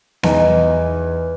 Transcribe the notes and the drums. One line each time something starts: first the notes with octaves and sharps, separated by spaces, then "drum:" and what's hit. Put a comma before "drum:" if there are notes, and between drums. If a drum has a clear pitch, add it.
E2 D#4, drum: snare B3